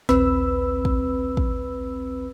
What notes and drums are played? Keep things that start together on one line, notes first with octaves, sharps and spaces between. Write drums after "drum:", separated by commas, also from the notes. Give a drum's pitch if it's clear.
A#1 D#2 C4 B4 B5 E6, drum: snare
drum: kick
drum: kick